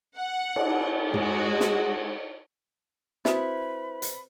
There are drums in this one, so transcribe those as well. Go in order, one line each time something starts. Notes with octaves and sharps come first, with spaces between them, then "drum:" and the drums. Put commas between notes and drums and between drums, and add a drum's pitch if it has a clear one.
F#5
drum: cymbal
G#3 F#4, drum: tom
drum: snare
C4 E4 F#4 B4 C5 B5, drum: snare
drum: hi-hat